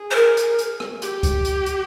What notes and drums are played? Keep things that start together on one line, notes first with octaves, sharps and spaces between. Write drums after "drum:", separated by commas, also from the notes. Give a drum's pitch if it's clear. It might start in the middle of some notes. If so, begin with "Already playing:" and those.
Already playing: G#4
C5
A#4
drum: hi-hat
drum: hi-hat
drum: rim click
G4, drum: hi-hat
drum: kick C#2, hi-hat
drum: hi-hat
drum: hi-hat